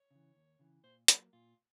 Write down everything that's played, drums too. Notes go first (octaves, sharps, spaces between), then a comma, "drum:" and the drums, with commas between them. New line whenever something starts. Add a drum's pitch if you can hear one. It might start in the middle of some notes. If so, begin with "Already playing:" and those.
Already playing: C#5
C#3 E3
D#2
C#3 E3
A#2 C5
F#3 A#3 F4, drum: hi-hat
A#2 F4